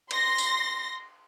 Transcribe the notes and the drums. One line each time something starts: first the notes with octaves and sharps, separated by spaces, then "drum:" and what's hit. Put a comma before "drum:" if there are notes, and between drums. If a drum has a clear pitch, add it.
C6 A#6, drum: cymbal
drum: tambourine